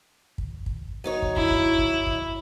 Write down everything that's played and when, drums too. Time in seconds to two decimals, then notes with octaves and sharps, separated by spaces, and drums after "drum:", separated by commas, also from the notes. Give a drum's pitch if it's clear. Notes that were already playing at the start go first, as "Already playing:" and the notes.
0.38 drum: kick
0.66 drum: kick
1.04 F#3 D#4 C#5
1.22 drum: kick
1.36 E4, drum: kick
1.50 drum: kick
1.78 drum: kick
2.07 drum: kick